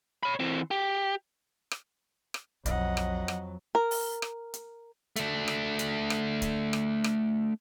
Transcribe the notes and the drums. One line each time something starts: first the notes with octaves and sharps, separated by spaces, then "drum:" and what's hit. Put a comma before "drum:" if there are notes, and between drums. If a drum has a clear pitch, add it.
C#5 B5
E3 C4
G4
drum: rim click
drum: rim click
B1 F2 F#3 D#5 F#5, drum: kick, hi-hat
drum: rim click
drum: rim click
A#4
drum: open hi-hat
drum: rim click
drum: hi-hat
A3 D4, drum: hi-hat
drum: rim click
drum: hi-hat
drum: rim click
drum: kick, hi-hat
drum: rim click
drum: rim click